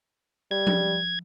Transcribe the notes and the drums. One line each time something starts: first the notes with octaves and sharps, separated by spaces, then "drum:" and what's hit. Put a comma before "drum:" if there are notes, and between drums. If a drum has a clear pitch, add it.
G3 G#6
drum: tom F3